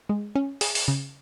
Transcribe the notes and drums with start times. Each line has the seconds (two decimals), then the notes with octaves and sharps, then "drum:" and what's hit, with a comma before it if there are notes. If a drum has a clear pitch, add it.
0.09 G#3
0.35 C#4
0.61 G#4, drum: open hi-hat
0.75 drum: open hi-hat
0.88 C#3